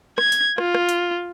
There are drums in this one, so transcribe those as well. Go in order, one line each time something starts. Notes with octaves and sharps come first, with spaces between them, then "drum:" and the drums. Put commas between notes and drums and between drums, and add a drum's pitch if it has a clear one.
G#6, drum: rim click
drum: hi-hat
F4, drum: rim click
drum: rim click
drum: hi-hat